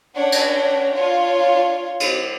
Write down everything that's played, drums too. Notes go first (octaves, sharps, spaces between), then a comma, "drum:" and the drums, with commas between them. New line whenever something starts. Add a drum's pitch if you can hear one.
C#4 D4 C#5 F#5 G5
drum: cymbal
D4 F4 C#5
drum: cymbal